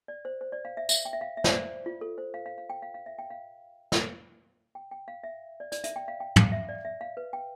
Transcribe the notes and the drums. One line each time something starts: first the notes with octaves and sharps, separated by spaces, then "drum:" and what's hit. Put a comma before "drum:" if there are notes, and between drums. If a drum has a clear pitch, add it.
D5
C5
C5
D5
F5
E5
E5, drum: tambourine
G5
E5
F5
E5
C5, drum: snare
D5
F4
A4
C5
F5
F5
F5
G5
F5
F5
E5
G5
F5
drum: snare
G5
G5
F5
E5
D5
D5, drum: hi-hat
E5, drum: hi-hat
G5
F5
G5
F5, drum: tom
E5
D5
E5
F5
B4
G5